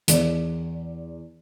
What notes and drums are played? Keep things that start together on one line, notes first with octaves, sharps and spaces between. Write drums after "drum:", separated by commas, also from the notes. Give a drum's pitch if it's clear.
E2 D5, drum: hi-hat